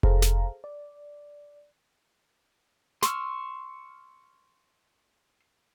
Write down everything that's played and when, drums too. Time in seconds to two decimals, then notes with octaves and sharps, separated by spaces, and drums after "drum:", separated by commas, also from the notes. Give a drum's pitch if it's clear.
0.03 G#4 A4 C5 F5 A#5, drum: kick F1
0.22 drum: snare
0.64 D5
3.03 C6 C#6 E6 F6, drum: snare